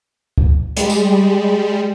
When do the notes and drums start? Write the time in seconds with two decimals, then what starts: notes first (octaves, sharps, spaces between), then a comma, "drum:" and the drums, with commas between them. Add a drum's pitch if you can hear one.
0.38 drum: kick D2
0.77 G3 G#3, drum: hi-hat
0.90 drum: tambourine